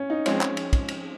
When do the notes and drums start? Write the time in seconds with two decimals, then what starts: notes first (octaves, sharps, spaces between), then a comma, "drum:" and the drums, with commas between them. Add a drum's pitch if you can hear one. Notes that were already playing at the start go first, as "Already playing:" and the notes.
Already playing: C#4
0.10 D#4
0.26 F3 G#3 C4 C#4, drum: cymbal
0.41 drum: clap
0.57 drum: cymbal
0.73 drum: kick, cymbal
0.88 drum: cymbal